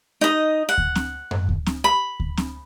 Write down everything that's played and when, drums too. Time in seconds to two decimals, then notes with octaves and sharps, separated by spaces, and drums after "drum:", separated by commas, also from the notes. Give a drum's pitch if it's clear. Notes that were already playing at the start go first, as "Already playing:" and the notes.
0.21 D#4 D#5
0.69 F#5
0.78 drum: kick D2
0.95 drum: snare C4
1.31 drum: tom F#2
1.49 drum: kick D2
1.66 drum: snare C4
1.84 B5
2.20 drum: kick D2
2.37 drum: snare C4